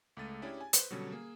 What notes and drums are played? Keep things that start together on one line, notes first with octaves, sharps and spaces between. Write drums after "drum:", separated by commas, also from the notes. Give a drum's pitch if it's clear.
C#2 A3 A6 D#7
C#4 D4 E4 G4 G#4 C#5
G#5
B4 C5, drum: hi-hat
B2 D3 F#3 G3 C#4
A#3 G#4